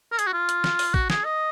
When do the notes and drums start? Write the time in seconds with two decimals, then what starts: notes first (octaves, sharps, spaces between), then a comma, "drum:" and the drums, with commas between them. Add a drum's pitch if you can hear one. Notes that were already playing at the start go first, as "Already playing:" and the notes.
0.12 A#4
0.19 G#4, drum: hi-hat
0.27 F#4
0.33 F4
0.49 drum: hi-hat
0.64 drum: snare
0.79 drum: open hi-hat
0.94 F#4, drum: kick A#1
1.10 G#4, drum: snare
1.25 D#5